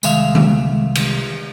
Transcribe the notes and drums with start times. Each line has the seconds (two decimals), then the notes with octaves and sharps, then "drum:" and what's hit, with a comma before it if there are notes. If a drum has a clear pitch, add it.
0.03 C2 D#3 G#3 E5 F5, drum: tambourine
0.35 drum: tom D3
0.95 drum: cymbal